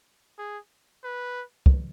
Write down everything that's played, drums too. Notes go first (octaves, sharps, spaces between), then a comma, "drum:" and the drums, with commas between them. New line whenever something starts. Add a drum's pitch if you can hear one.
G#4
B4
drum: kick